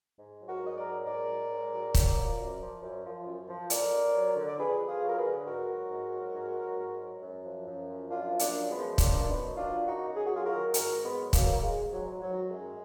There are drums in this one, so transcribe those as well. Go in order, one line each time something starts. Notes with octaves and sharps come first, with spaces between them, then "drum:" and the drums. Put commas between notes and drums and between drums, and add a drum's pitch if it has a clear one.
G#2
F#3
F#4 A#4
G#2 D#5
A#4 D5
F#3
G#2 A#4 D5
F#3
G#2
F#3
F#2, drum: kick, hi-hat
F3
F#2
F3
F#2
F3
F#2
F3
F2 A#4 D5, drum: hi-hat
F2
F#3
D3
D5
F2 G#4 B4
F2
F4 G#4
F#3
A#4
G#4 B4
D3
G#2 F#4 A#4
F#3
G#2
F#3
G#2
F#3
G#2
F#3
F#2
F3
F#2
F3
F#2 D4 F4
F3
A#3 D4, drum: hi-hat
F#2
G#3 B3
F3
F#2 A#3 D4, drum: kick, hi-hat
F#2 D4
B3 D#4
F#3
D4 F4
D#3
F#2 D#4 F#4
F#2
G#4
F#4
F#3 F4 G#4
F#4 A#4
D#3
G#2 F#4 A#4, drum: hi-hat
G#2
G#3 B3
F#3
F#3 A#3, drum: kick, hi-hat
D#3
A#3
G#2 G#3
G#2
F#3
F#3
F#3
D#3
F#2 G#3